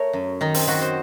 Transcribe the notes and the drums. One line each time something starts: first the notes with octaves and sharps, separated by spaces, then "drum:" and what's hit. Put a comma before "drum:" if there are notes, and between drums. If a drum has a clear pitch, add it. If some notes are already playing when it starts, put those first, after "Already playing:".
Already playing: A3 A#4 C#5
F#2
D#3 D#4
C4, drum: open hi-hat
D#3 F#4
C5